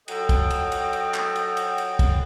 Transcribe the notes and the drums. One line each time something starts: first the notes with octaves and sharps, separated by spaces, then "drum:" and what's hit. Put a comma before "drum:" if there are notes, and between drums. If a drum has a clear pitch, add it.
F#3 A4 D#5 G5, drum: cymbal
drum: kick, cymbal
drum: cymbal
drum: cymbal
drum: cymbal
drum: clap
drum: cymbal
drum: cymbal
drum: cymbal
drum: kick, cymbal